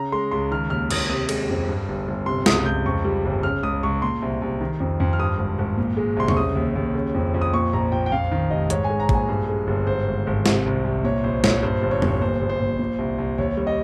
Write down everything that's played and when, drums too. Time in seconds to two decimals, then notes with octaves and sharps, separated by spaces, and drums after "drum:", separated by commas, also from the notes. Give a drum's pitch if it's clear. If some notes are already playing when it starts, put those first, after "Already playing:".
Already playing: C#3 A#5
0.12 G#3 C6
0.31 C#2 C6
0.51 D#3 F6
0.70 D#2 F6
0.90 D#2 D#6, drum: cymbal
1.10 C3 D#6
1.29 G#3, drum: cymbal
1.49 F2
1.68 G2
1.88 G1
2.08 G1
2.26 C3 C6
2.46 C#2 D#6, drum: snare
2.66 C#2 G6
2.86 F2 C#6
3.04 G3
3.25 G1
3.43 C#3 F6
3.63 C#2 D#6
3.83 C#2 C#6
4.02 A#2 C6
4.22 C2
4.42 C2
4.60 D#3
4.80 F2
5.00 F2
5.13 F6
5.19 G2 D#6
5.38 G#1
5.58 G#1
5.77 A#2
5.97 G#3
6.17 C2 C6
6.28 C#6, drum: tom
6.36 C#3 D#6
6.56 D#2
6.75 D#2
6.94 C#3
7.15 F2
7.34 F2
7.41 D#6
7.53 A#2 C#6
7.73 A#1 A#5
7.92 A#1 G5
8.06 G5
8.12 F2 F5
8.31 D#3
8.50 F1 D#5
8.70 G#2 C#5, drum: hi-hat
8.84 G#5
8.90 G#3
9.00 A#5
9.09 A#1, drum: kick
9.15 G#5
9.29 G2
9.49 G#3
9.67 G1
9.87 G#2 C5
10.06 G#1
10.27 G#1
10.46 C3, drum: snare
10.66 C2
10.84 C2
11.04 A#2 C#5
11.24 A#1 C5
11.44 A#1 C#5, drum: snare
11.63 G2 C5
11.82 G1
11.91 C#5
12.02 G1 C#5, drum: tom
12.21 A#2 C5
12.41 A#1
12.49 C5
12.61 A#1
12.79 A#2
12.99 C2
13.18 C2
13.38 D#2 C#5
13.57 G3
13.67 D#5